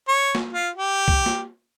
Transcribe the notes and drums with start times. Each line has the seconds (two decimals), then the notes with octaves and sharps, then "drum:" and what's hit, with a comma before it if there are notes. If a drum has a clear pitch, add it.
0.08 C#5
0.35 drum: snare
0.53 F4
0.76 G4
1.08 drum: kick
1.26 drum: snare